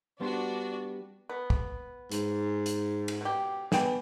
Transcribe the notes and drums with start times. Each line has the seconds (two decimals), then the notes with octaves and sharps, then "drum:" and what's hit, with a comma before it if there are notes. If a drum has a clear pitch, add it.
0.20 G3 B3 D4 F#4 C5
1.29 B3
1.50 drum: kick
2.12 G#2, drum: hi-hat
2.66 drum: hi-hat
3.08 drum: cymbal
3.21 B2 G4
3.72 B3 D5 G5 G#5, drum: snare